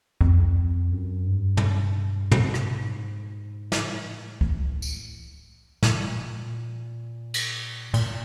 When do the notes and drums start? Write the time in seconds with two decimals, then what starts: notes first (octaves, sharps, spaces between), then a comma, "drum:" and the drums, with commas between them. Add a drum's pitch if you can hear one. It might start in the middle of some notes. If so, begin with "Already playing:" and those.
0.21 F2, drum: kick C#2
0.92 F#2
1.27 G2
1.57 drum: tom
2.31 A2, drum: tom
2.42 G#2
2.54 G2, drum: rim click
2.65 G#2
3.72 A2, drum: snare
4.41 drum: kick C#2
4.82 drum: tambourine
5.83 A#2, drum: snare
7.34 drum: cymbal
7.94 A#2, drum: cymbal